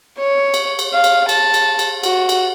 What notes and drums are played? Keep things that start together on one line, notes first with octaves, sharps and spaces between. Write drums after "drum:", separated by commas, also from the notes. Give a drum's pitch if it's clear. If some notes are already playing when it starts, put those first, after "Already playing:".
C#5
drum: cymbal
drum: cymbal
F5
drum: cymbal
A5, drum: cymbal
drum: cymbal
drum: cymbal
F#4, drum: cymbal
drum: cymbal